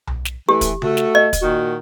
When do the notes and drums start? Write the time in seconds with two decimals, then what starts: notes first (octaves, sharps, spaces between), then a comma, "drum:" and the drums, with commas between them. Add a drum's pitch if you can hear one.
0.07 drum: tom B1
0.25 drum: snare
0.49 E3 A3 G4
0.61 drum: kick, hi-hat
0.82 A3 F#4, drum: tom C#3
0.97 drum: snare
1.15 D#5
1.33 drum: kick, hi-hat
1.42 A#2 D#3 F#4